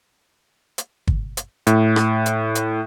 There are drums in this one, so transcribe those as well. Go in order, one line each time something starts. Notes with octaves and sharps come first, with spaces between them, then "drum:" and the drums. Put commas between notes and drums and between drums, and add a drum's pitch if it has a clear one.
drum: hi-hat
drum: kick G1
drum: hi-hat
A2, drum: hi-hat
drum: rim click
drum: hi-hat
drum: hi-hat